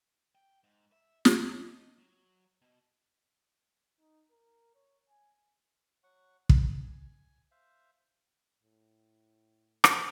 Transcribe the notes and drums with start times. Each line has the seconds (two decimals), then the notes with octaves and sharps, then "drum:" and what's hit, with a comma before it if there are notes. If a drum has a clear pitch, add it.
0.35 G5
0.64 G#2
0.92 E5
1.25 D#5, drum: snare
1.98 F#3
2.62 B2
3.99 D#4
4.31 A#4
4.74 C#5
5.09 G#5
6.04 F#3 F#5 C#6
6.49 G#5, drum: kick
7.51 C5 E5 F5
8.63 A2
9.84 drum: rim click